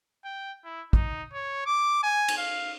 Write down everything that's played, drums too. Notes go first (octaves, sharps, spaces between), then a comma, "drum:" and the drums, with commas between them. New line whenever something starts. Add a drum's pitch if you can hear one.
G5
E4
D#4, drum: kick
C#5
D6
G#5
drum: cymbal
F5